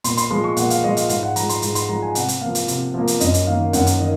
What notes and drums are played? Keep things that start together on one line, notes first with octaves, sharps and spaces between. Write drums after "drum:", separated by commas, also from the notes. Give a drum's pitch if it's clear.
A#2 C6, drum: hi-hat
C6, drum: hi-hat
F3 G#3 C6
C#6
A#2 F#5, drum: hi-hat
F5, drum: hi-hat
F3 G#3 D#5
F5, drum: hi-hat
G#2 F5, drum: hi-hat
F#5
F3 G#3 A#5, drum: hi-hat
C6, drum: hi-hat
G#2, drum: hi-hat
C6, drum: hi-hat
F3 G#3 A#5
G#5
C3 F#5, drum: hi-hat
drum: hi-hat
F3 A#3 F5
drum: hi-hat
C3, drum: hi-hat
F3 A#3
drum: hi-hat
F#2 D#5, drum: hi-hat
drum: hi-hat
D#3 A#3 F5
F#2 F#5, drum: hi-hat
drum: hi-hat
D#3 D#5